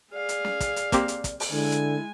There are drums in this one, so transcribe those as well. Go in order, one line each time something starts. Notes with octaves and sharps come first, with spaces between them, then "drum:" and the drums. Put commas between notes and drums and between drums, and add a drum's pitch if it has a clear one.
G#4 D5 F5
drum: hi-hat
drum: snare
drum: kick, hi-hat
drum: hi-hat
A#3 C4 G4, drum: kick, hi-hat
drum: hi-hat
drum: kick, hi-hat
drum: open hi-hat
D3 G#3 E4 G#5
drum: hi-hat